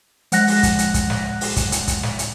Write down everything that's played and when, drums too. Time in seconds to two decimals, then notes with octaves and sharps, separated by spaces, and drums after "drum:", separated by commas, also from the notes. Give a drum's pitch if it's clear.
0.32 F3 G#3 F#5 F#6 A#6, drum: hi-hat
0.47 drum: open hi-hat
0.63 drum: kick, hi-hat
0.79 drum: hi-hat
0.94 drum: kick, hi-hat
1.10 drum: snare
1.41 drum: open hi-hat
1.56 drum: kick, hi-hat
1.72 drum: hi-hat
1.88 drum: kick, hi-hat
2.03 drum: snare
2.19 drum: hi-hat